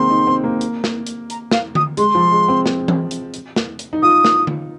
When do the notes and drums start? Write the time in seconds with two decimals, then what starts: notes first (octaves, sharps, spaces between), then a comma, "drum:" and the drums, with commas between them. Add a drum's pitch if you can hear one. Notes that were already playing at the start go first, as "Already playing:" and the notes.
Already playing: D#3 G#3 A#3 C4 C6
0.10 D#4
0.27 C4
0.44 A#3
0.61 drum: hi-hat
0.84 drum: snare
1.07 drum: hi-hat
1.30 A#5, drum: hi-hat
1.51 F5, drum: snare
1.75 D#6, drum: tom D3
1.97 G#3 C6, drum: hi-hat
2.15 F3
2.31 G#3
2.48 C4
2.66 drum: snare
2.88 drum: tom E3
3.11 drum: hi-hat
3.34 drum: hi-hat
3.56 drum: snare
3.79 drum: hi-hat
3.93 D#4
4.02 F4 D#6
4.25 drum: snare
4.47 drum: tom D3